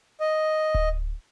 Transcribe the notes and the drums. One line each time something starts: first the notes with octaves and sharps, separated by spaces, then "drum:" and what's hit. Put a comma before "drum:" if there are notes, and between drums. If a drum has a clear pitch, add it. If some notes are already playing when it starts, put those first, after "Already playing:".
D#5
drum: kick D1